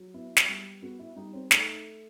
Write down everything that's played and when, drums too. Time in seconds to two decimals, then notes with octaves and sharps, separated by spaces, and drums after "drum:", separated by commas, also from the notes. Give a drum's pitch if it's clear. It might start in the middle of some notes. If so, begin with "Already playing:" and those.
Already playing: F#3
0.14 B3 E4
0.37 drum: snare
0.48 G3
0.82 B3 F#4
0.99 E4
1.16 G3 D#4
1.33 C4
1.51 A3 D#4, drum: snare